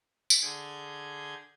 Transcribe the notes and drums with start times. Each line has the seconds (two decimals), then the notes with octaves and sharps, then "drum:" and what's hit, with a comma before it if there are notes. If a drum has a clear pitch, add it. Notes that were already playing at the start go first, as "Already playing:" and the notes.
0.30 drum: tambourine
0.42 D3 G#4 G6 G#6